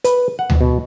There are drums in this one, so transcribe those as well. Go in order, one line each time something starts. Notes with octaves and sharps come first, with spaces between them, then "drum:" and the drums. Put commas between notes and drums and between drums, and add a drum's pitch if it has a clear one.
B4, drum: hi-hat
F#5
drum: tom D2
B2